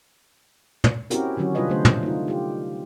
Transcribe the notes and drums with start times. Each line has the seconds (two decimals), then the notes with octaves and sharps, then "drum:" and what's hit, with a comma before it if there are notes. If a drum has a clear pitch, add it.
0.84 drum: tom
1.10 C4 C#4 E4 F#4 G4 A#4, drum: hi-hat
1.37 D3 D#3 F#3 C#4 F#4
1.55 C3 G3 D4 F4 B4 D#5
1.69 D3 F#3 A3 C5
1.85 drum: tom
2.03 D#4 F4
2.28 F4 G4